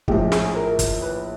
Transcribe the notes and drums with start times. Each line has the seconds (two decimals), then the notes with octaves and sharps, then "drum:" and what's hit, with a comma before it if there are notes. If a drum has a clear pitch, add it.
0.08 A#1 A2 F3 G#3 G4, drum: kick
0.32 G#4, drum: snare
0.55 A#4
0.79 drum: kick, hi-hat
1.02 B4